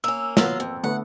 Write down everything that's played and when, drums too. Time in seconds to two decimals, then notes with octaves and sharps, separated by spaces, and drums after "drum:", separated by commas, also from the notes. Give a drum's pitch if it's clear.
0.04 A#3 C#4 E6
0.37 F#3 A#3 B3 F4, drum: snare
0.60 F2
0.84 D3 A3 B3 F#5